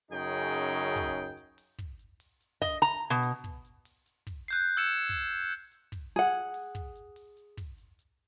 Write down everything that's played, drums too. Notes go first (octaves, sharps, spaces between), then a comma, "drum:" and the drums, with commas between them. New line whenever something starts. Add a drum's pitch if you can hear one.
F#2 C#3 D#4 G#4 G5
drum: hi-hat
drum: open hi-hat
drum: hi-hat
drum: kick, open hi-hat
drum: hi-hat
drum: hi-hat
drum: open hi-hat
drum: kick, hi-hat
drum: hi-hat
drum: open hi-hat
drum: hi-hat
D#5, drum: kick, open hi-hat
A#5, drum: hi-hat
B2
drum: open hi-hat
drum: kick
drum: hi-hat
drum: open hi-hat
drum: hi-hat
drum: kick, open hi-hat
F#6 G6 C7, drum: hi-hat
drum: hi-hat
E6 G#6 C#7 E7
drum: open hi-hat
drum: kick, hi-hat
drum: hi-hat
drum: open hi-hat
drum: hi-hat
drum: kick, open hi-hat
G#4 F#5
drum: hi-hat
drum: open hi-hat
drum: kick, hi-hat
drum: hi-hat
drum: open hi-hat
drum: hi-hat
drum: kick, open hi-hat
drum: hi-hat
drum: hi-hat